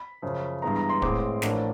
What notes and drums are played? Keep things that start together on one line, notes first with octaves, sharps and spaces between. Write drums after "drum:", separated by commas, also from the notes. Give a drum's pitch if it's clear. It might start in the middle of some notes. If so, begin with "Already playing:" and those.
Already playing: B5
F#2 C#3 F3
G2 E3 G#3 B3 A#5
A#5
C6
A1 A2 E3 G#3 C4 D6, drum: kick
A1 A2 F3 A#3 D4, drum: snare